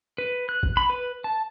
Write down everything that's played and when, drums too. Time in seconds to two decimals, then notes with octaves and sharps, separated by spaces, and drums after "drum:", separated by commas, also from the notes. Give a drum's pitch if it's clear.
0.18 B4
0.49 F#6
0.63 drum: kick A1
0.77 B5
0.90 B4
1.24 A5